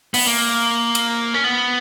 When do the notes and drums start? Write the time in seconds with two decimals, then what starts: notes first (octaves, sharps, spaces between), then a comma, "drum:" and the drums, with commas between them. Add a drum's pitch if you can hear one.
0.14 B3, drum: open hi-hat
0.26 A#3
0.95 drum: cymbal
1.34 C#4
1.44 B3